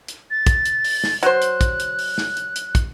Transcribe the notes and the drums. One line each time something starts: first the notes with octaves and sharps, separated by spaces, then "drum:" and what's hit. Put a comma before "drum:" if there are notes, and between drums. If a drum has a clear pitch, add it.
drum: hi-hat
A6
drum: kick, hi-hat
drum: hi-hat
drum: open hi-hat
drum: snare
F#3 C5 F#6, drum: hi-hat
drum: hi-hat
drum: kick, hi-hat
drum: hi-hat
drum: open hi-hat
drum: snare
drum: hi-hat
drum: hi-hat
drum: kick, hi-hat